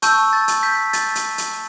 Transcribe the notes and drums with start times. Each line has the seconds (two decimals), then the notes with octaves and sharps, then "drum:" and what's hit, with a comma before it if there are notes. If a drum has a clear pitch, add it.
0.02 A5 C#6 E6 G6, drum: hi-hat
0.33 A6
0.48 drum: hi-hat
0.63 G6 B6
0.93 A6, drum: hi-hat
1.15 drum: hi-hat
1.38 drum: hi-hat